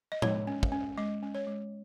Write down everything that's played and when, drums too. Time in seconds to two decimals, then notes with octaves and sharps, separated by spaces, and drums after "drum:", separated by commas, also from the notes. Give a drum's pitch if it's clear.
0.12 D#5
0.22 G#3 C#5, drum: tom
0.47 C#4
0.63 drum: kick
0.72 C#4
0.97 G#3 D#5
1.23 C#4
1.35 C#5
1.47 G#3